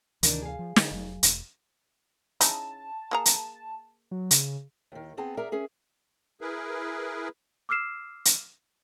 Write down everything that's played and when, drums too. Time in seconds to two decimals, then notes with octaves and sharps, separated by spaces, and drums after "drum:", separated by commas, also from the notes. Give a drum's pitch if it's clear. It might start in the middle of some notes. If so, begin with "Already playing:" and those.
0.23 D2 C3 D#3 E3 D4, drum: hi-hat
0.42 G#4 F5
0.59 F3
0.76 D3, drum: snare
0.91 F1 F#3
1.23 E1, drum: hi-hat
2.41 C#3 D#4 E4 A5, drum: hi-hat
3.11 A#3 G#4 A#5
3.26 drum: hi-hat
4.11 F#3
4.31 C#3, drum: hi-hat
4.92 D#2 D#3
5.17 B3 C4 G#4 A5
5.37 G#4 A#4 D5 E5 A#5
5.52 C#4 G#4 E5
6.41 E4 G#4 A#4 B4
7.69 D6 E6 F6 C7 E7
8.25 drum: hi-hat